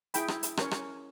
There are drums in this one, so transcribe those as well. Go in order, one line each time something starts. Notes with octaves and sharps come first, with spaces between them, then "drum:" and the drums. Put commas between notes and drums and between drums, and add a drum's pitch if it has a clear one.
E4 G#4 G5 B5, drum: hi-hat
drum: rim click
drum: hi-hat
C#4 A#4 C#5, drum: rim click
drum: rim click